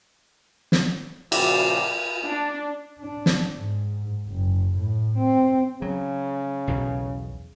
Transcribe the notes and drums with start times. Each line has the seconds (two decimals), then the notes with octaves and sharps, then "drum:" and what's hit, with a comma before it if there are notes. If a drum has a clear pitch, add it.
0.72 drum: snare
1.32 A#2 C#3 F3 F#4 D5 E5 G5, drum: cymbal
2.25 D4
3.01 D4
3.26 drum: snare
3.57 G#2
4.27 F#1
4.75 A2
5.19 C4
5.82 C#3 F#3
6.67 B1 E2 B2